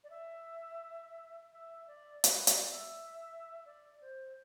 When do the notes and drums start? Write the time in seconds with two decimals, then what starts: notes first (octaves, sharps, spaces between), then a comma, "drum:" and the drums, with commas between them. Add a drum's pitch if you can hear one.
0.04 D5
0.10 E5
1.52 E5
1.87 D5
2.24 B4, drum: hi-hat
2.47 D5, drum: hi-hat
2.70 E5
3.65 D5
4.01 C5